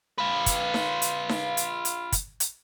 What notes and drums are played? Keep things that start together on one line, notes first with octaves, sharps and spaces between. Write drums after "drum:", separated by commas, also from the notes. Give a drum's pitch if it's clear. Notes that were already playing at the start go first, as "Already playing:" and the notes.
F4 B4
drum: kick, hi-hat
drum: snare D#4
drum: hi-hat
drum: snare D#4
drum: hi-hat
drum: hi-hat
drum: kick, hi-hat
drum: hi-hat